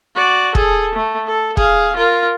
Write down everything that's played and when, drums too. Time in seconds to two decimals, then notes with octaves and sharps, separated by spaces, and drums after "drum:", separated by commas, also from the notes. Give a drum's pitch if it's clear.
0.15 F#4 D5
0.55 G#4 A4, drum: kick
0.95 A3
1.26 A4
1.57 G#4 F5, drum: kick
1.97 F4 A#4